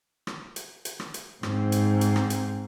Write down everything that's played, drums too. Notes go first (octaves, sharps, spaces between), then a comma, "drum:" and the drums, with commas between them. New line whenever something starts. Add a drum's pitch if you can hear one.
drum: rim click
drum: hi-hat
drum: hi-hat
drum: rim click
drum: hi-hat
G#2 C4, drum: rim click
drum: hi-hat
drum: hi-hat
drum: rim click
drum: hi-hat